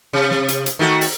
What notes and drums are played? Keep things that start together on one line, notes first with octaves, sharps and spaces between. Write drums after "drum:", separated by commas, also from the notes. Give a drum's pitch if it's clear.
C3
drum: snare
drum: hi-hat
drum: hi-hat
D#3 A3 F#4
drum: open hi-hat